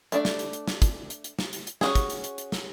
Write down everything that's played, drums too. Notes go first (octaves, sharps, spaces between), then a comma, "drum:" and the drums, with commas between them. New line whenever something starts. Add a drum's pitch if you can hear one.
A3 D4 D5, drum: hi-hat
drum: snare
drum: hi-hat
drum: hi-hat
drum: snare
drum: kick, hi-hat
drum: hi-hat
drum: hi-hat
drum: snare
drum: hi-hat
drum: hi-hat
C#4 F#4 G#4, drum: snare
drum: kick, hi-hat
drum: hi-hat
drum: hi-hat
drum: hi-hat
drum: snare